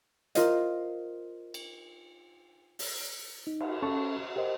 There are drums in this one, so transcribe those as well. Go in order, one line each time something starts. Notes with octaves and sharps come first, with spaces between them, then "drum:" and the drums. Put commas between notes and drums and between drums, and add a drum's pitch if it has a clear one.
F4 A#4 C5 D#5 F5, drum: hi-hat
drum: cymbal
drum: open hi-hat
D#4
drum: cymbal
C#4 A4 A5 C#6
G4 A#4 C5 D#5